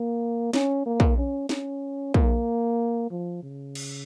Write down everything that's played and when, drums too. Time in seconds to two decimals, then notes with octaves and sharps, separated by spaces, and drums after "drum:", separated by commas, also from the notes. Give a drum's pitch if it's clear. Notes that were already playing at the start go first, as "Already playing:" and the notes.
Already playing: A#3
0.53 C#4, drum: snare
0.86 A#3
1.00 drum: kick
1.18 C#4
1.49 C#4, drum: snare
2.14 A#3, drum: kick
3.10 F3
3.43 C#3
3.75 drum: cymbal